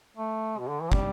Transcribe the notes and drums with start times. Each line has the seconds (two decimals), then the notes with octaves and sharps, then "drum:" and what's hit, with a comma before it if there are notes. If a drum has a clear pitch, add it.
0.17 A3
0.59 B2
0.69 D3
0.81 E3
0.92 G3, drum: kick